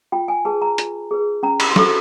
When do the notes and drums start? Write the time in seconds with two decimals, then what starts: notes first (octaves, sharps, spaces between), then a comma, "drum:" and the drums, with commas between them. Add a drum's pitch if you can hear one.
0.12 F4 G5
0.28 G#5
0.45 G#4 B4 A5
0.62 A#5
0.78 F4, drum: hi-hat
1.11 G#4 B4
1.43 C#4 A#5
1.60 B5, drum: cymbal
1.71 C6
1.76 F#4 A4 C5 C#6, drum: snare